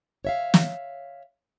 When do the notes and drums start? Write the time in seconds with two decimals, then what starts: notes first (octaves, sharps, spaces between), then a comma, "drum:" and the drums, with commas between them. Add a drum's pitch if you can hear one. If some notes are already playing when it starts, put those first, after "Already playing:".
0.25 C#5 E5 F5
0.54 drum: snare